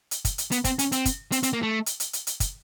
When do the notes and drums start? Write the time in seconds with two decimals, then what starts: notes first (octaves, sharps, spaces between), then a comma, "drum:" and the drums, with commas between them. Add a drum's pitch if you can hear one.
0.11 drum: hi-hat
0.25 drum: kick, hi-hat
0.38 drum: hi-hat
0.52 B3, drum: hi-hat
0.64 C4, drum: kick, hi-hat
0.79 C#4, drum: hi-hat
0.92 C4, drum: hi-hat
1.05 drum: kick, hi-hat
1.32 C4, drum: hi-hat
1.43 C4, drum: hi-hat
1.53 A#3
1.63 A3
1.86 drum: hi-hat
2.00 drum: hi-hat
2.13 drum: hi-hat
2.27 drum: hi-hat
2.40 drum: kick, hi-hat